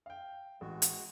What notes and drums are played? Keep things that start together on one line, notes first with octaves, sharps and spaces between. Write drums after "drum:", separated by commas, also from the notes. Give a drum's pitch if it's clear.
F5 G5
A1 G#3 F#4
drum: hi-hat